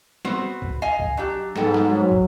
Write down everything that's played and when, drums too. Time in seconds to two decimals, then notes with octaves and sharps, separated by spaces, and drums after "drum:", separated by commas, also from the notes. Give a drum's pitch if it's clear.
0.25 B3 C4 F#4, drum: snare
0.62 drum: kick
0.82 D#5 F5 G#5
0.99 drum: kick
1.17 F#3 D4 G4
1.56 G#2 B3 A4 G5, drum: snare
1.74 drum: snare
1.89 F#3
2.12 drum: kick